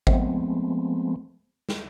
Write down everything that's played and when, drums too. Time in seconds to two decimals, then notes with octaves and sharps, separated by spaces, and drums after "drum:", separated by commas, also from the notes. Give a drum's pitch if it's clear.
0.07 F3 G#3 A3 B3 C4, drum: kick
1.69 drum: snare